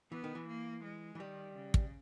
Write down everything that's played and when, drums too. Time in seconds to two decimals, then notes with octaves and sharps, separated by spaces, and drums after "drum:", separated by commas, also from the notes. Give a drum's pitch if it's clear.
0.12 E3 B3
0.24 D#3
0.35 E3
0.48 A#3
0.84 G#3
1.15 E3
1.20 D#3 G3
1.56 C#3
1.74 drum: kick